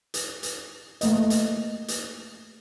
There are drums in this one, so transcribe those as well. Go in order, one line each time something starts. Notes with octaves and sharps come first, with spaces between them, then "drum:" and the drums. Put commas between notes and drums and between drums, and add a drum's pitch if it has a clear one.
drum: hi-hat
drum: hi-hat
A3 A#3 D#5, drum: hi-hat
drum: hi-hat
drum: hi-hat